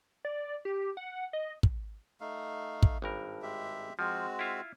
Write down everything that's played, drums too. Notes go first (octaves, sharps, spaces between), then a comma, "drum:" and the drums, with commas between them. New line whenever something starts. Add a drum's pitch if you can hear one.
D5
G4
F#5
D#5
drum: kick
A3 D#4 F5
drum: kick
G#1 G2 A#4
G#3 G4 E5
F3 G#3 C4 F#4
E4 F4 E5